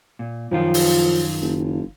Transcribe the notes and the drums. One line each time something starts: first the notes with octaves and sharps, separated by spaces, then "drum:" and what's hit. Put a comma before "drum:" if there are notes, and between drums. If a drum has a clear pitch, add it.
A#2
F#2 D#3 F3 F4
drum: open hi-hat
F#1